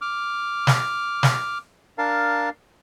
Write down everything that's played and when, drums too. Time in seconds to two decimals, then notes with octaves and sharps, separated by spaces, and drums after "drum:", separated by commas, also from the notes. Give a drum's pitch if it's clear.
0.01 D6 F6
0.67 drum: snare
1.23 drum: snare
1.98 D4 A#4 F5 A5